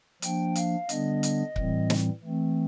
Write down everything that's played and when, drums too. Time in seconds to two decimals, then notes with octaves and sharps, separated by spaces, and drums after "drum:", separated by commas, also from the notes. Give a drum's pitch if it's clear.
0.22 F3 A#3 D4 G5, drum: hi-hat
0.55 F5, drum: hi-hat
0.89 D3 G3 B3 D4 D#5, drum: hi-hat
1.23 drum: hi-hat
1.56 A2 E3 G3 C4, drum: kick C#1
1.90 drum: snare
2.23 E3 A3 C4